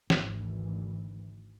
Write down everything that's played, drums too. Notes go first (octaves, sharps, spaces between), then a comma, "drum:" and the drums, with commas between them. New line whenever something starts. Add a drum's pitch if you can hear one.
G#1 D2 E3, drum: snare